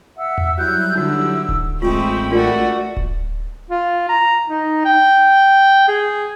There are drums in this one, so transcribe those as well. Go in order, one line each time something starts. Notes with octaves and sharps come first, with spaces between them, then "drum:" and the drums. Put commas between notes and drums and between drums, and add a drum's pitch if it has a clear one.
E5 F#5 E6
drum: tom E2
F#3 G3 E4 E6 F#6 G6
D3 D#4 F#4 E6
drum: kick D1
A1 G#3 A3 C4 F4 G5 B5 C#6
A3 D4 F4 F#4 A#4 D5
drum: kick D1
F4
A#5
D#4
G5
G#4